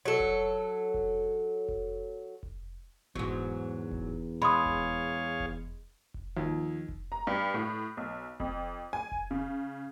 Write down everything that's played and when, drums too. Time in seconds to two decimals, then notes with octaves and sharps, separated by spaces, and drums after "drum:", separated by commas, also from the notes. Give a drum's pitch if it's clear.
0.05 F#3 A4
0.20 drum: kick F1
0.94 drum: kick F1
1.68 drum: kick F1
2.43 drum: kick F1
3.15 E2 G#2 F#3, drum: kick F1
3.91 drum: kick F1
4.42 G#3 G#4 C#5 F5 B5 C6 D#6
4.66 drum: kick F1
5.40 drum: kick F1
6.14 drum: kick F1
6.37 D#2 F3
6.89 drum: kick F1
7.12 A#5
7.27 G2
7.54 A2
7.97 B1
8.40 F2, drum: kick F1
8.93 G#5
9.12 drum: kick F1
9.31 C#3